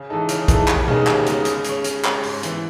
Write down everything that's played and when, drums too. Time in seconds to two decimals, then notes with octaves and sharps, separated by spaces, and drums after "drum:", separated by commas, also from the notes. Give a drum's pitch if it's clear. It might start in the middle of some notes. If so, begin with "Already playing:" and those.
Already playing: C#3
0.10 E3 G#3 D#4 A4
0.29 C#3, drum: hi-hat
0.48 E3 G#3 D#4 A4, drum: kick, hi-hat
0.68 D#2, drum: clap
0.88 C#3 G#3 B3 D#4, drum: tom B2
1.07 D#2, drum: clap
1.27 C#3 G#3 B3 D#4, drum: hi-hat
1.45 C#3, drum: hi-hat
1.64 G#3 C#4, drum: hi-hat
1.84 C#3, drum: hi-hat
2.05 G#3 C#4, drum: clap
2.23 G#2, drum: open hi-hat
2.43 E3 B3, drum: hi-hat